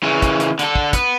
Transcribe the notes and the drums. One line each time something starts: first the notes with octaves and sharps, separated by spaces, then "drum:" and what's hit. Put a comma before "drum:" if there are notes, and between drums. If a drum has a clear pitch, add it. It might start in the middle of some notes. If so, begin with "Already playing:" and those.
C#3 E3
drum: kick, hi-hat
drum: hi-hat
D3 A4, drum: hi-hat
drum: kick
B3, drum: kick, hi-hat